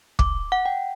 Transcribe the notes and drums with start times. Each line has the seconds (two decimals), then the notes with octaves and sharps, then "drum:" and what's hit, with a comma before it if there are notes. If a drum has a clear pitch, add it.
0.19 D6, drum: kick
0.52 F#5
0.66 G5